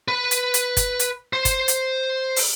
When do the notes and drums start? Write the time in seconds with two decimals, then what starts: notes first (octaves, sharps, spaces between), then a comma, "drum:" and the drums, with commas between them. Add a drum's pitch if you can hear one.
0.08 B4 B5
0.31 drum: hi-hat
0.54 drum: hi-hat
0.77 drum: kick G1, hi-hat
0.99 drum: hi-hat
1.33 C5
1.45 drum: kick G1, hi-hat
1.68 drum: hi-hat
2.36 drum: open hi-hat